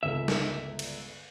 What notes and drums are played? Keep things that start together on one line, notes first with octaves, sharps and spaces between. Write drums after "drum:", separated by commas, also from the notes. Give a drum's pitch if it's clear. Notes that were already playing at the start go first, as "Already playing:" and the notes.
G1 C#2 A4 E5
drum: snare
drum: cymbal